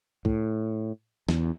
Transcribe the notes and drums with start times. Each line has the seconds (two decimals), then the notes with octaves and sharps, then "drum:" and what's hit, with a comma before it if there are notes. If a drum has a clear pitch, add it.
0.25 A2, drum: kick
1.29 E2, drum: snare